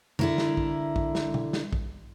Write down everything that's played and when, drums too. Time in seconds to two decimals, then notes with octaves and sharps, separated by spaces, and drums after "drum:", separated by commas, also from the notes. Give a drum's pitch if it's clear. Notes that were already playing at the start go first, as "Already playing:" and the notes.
0.19 D3 E4 A#4, drum: tom C3
0.38 drum: snare
0.57 drum: kick
0.96 drum: kick
1.15 drum: snare
1.34 drum: tom B2
1.53 drum: snare
1.73 drum: kick